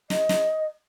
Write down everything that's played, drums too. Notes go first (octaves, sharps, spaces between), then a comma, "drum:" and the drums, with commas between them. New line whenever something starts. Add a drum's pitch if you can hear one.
D#5, drum: snare
drum: snare